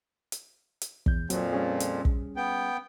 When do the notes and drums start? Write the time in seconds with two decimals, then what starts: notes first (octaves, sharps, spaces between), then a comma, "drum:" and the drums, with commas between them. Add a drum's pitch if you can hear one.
0.32 drum: hi-hat
0.81 drum: hi-hat
1.06 E2 G6, drum: kick
1.30 F2 A#2 F3 F#3 C4, drum: hi-hat
1.53 G3 C#4 G#4
1.80 drum: hi-hat
2.05 drum: kick
2.36 B3 G5